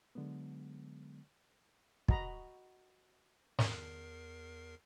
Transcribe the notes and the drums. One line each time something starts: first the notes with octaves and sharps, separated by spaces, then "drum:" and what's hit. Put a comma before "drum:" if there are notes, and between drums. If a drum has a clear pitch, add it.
D3 F#3 G#3 B3
F#4 D#5 A#5 B5, drum: kick
E2 A#4 C7, drum: snare